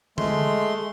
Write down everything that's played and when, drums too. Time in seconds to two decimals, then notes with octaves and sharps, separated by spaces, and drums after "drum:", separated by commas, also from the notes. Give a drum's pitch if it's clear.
0.18 G#3 A3 C6, drum: tom